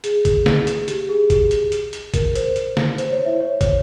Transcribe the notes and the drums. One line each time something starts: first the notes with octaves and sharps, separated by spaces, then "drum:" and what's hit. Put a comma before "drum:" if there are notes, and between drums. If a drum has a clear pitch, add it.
G#4, drum: hi-hat
drum: kick, hi-hat
drum: snare
drum: hi-hat
G4, drum: hi-hat
G#4
drum: kick, hi-hat
drum: hi-hat
drum: hi-hat
drum: hi-hat
A#4, drum: kick, hi-hat
C5, drum: hi-hat
drum: hi-hat
drum: snare
C5, drum: hi-hat
C#5
E4 E5
C#5
drum: kick, hi-hat